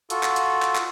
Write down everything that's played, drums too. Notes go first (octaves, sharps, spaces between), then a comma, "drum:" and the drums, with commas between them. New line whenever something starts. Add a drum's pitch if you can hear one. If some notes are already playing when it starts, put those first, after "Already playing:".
F4 F#4 A4, drum: hi-hat
drum: clap
drum: hi-hat
drum: clap
drum: clap